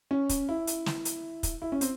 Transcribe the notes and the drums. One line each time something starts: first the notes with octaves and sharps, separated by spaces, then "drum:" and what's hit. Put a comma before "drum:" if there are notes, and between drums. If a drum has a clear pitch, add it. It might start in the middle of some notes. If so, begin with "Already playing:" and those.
C#4
drum: kick, hi-hat
E4
drum: hi-hat
drum: snare
drum: hi-hat
drum: kick, hi-hat
E4
C#4
C4, drum: hi-hat